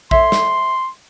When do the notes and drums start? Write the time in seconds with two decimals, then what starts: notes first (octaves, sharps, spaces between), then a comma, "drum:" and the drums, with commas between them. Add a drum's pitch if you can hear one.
0.11 A4 C#5 E5 C6, drum: kick A#1
0.32 drum: snare